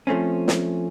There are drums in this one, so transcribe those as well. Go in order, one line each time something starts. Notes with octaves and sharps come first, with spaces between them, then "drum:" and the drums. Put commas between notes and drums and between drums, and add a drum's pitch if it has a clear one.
F3 A3 C4 C#4
drum: snare